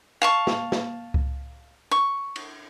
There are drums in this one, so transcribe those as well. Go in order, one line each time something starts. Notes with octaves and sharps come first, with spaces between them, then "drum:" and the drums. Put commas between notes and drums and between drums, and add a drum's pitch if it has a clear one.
F5 A5 C#6
drum: snare
drum: snare
drum: kick C#2
C#6
drum: cymbal